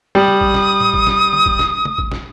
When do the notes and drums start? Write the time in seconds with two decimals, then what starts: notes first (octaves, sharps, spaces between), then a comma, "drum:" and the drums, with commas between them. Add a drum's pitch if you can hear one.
0.15 G3 D#6
0.28 drum: tom
0.41 drum: kick A1
0.54 drum: snare
0.81 drum: tom A2
0.94 drum: kick A1
1.07 drum: snare
1.33 drum: tom D3
1.46 drum: kick A1
1.59 drum: snare
1.85 drum: tom
1.98 drum: kick A1
2.12 drum: snare